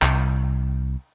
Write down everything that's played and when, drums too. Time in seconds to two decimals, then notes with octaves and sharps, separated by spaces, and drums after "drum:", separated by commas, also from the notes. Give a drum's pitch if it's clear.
0.02 C2, drum: clap